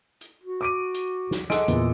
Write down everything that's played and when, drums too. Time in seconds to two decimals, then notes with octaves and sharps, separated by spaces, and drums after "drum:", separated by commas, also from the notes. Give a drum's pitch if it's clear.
0.21 drum: hi-hat
0.43 F#4
0.61 D6 D7 D#7
0.94 drum: hi-hat
1.31 drum: snare
1.50 G#3 A4 F#5 D7, drum: snare
1.68 E2 A#2, drum: hi-hat